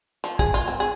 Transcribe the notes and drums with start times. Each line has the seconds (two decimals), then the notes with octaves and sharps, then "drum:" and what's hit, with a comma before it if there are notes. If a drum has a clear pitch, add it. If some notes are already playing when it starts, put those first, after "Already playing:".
0.24 F3
0.39 G#4, drum: kick
0.54 F4
0.68 C4
0.80 G#4